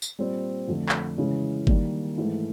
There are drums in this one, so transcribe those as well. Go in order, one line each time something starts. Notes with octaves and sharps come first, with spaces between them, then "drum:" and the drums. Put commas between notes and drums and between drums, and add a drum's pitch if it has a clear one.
drum: tambourine
A#2 G3 C4
F2 D3 F3 A3
drum: clap
C#3 E3 G#3 C#4
D#3 G3 A#3, drum: kick G1
G#2 E3 A3